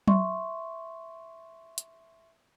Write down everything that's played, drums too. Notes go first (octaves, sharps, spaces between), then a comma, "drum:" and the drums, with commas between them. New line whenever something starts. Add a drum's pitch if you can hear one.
E5 C6 C#6, drum: tom F#3
drum: hi-hat